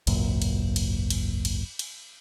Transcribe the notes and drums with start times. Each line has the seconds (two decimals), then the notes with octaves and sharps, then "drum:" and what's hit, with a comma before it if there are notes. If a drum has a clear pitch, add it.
0.07 G#1 C#2 F#2 A#2, drum: cymbal
0.42 drum: cymbal
0.76 drum: cymbal
1.10 drum: cymbal
1.45 drum: cymbal
1.79 drum: cymbal